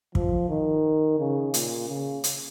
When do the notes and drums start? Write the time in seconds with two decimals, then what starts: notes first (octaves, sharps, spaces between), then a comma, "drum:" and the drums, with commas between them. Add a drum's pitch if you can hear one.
0.15 F3, drum: kick
0.50 D#3
1.20 C#3
1.54 A#2, drum: hi-hat
1.88 C#3
2.24 drum: hi-hat